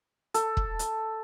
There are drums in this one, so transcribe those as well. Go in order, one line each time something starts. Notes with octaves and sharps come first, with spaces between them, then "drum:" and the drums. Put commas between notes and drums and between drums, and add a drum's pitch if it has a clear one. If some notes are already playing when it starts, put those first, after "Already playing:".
A4, drum: hi-hat
drum: kick
drum: hi-hat